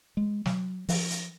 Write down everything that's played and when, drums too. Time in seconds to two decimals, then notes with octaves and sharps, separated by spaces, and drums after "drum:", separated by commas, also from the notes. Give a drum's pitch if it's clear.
0.17 G#3
0.46 F#3, drum: snare
0.89 F3, drum: open hi-hat
1.10 drum: hi-hat